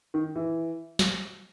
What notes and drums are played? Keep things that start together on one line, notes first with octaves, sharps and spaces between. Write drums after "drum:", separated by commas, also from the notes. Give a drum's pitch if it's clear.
D#3
E3
drum: snare